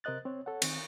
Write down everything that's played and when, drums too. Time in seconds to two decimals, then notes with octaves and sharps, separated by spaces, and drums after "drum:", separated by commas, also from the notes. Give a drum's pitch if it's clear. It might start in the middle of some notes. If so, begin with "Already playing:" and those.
0.04 C3 A#4 C5 D#5 F#6 A6
0.25 C4 C#5
0.46 A4 C#5 F#5
0.62 D#3 C4, drum: cymbal